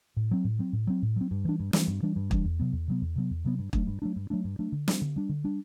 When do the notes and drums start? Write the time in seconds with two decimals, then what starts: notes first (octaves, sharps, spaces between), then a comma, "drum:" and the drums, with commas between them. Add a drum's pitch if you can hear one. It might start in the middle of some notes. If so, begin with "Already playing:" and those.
0.17 A2
0.31 F#3 C4
0.45 A2
0.59 F#3 C4
0.73 A2
0.87 F#3 C4
1.03 A2
1.16 F#3 C4
1.31 G2
1.45 E3 G3 D4
1.60 G2
1.73 E3 G3 D4, drum: snare
1.88 G2
2.03 E3 G3 D4
2.16 G2
2.31 E3 G3 D4, drum: kick
2.45 E2
2.60 C3 F#3 B3
2.73 E2
2.88 C3 F#3 B3
3.01 E2
3.16 C3 F#3 B3
3.31 E2
3.45 C3 F#3 B3
3.59 G2
3.73 F#3 A3 D4, drum: kick
3.87 G2
4.02 F#3 A3 D4
4.16 G2
4.30 F#3 A3 D4
4.44 G2
4.59 F#3 A3 D4
4.72 D3
4.88 G3 D4, drum: snare
5.02 D3
5.16 G3 D4
5.29 D3
5.44 G3 D4